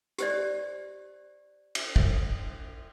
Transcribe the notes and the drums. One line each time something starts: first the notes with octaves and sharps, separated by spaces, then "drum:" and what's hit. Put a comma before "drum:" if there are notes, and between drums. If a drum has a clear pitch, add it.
G4 C5 D5, drum: hi-hat
drum: cymbal
drum: kick